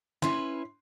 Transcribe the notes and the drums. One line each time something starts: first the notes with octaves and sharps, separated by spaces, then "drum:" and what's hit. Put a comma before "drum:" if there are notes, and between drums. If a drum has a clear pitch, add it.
C#4 E4 B4 C6, drum: snare